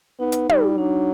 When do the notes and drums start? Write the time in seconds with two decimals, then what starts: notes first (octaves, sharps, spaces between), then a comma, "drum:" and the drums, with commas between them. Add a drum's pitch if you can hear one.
0.20 B3 D#4
0.32 drum: hi-hat
0.49 G3 D#4, drum: tom
0.78 F#3 D4